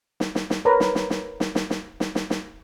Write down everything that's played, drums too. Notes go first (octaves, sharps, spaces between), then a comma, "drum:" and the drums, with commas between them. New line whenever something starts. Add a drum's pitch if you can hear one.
drum: snare
drum: snare
drum: snare
A#4 B4 C#5 A#5
drum: snare
drum: snare
drum: snare
drum: snare
drum: snare
drum: snare
drum: snare
drum: snare
drum: snare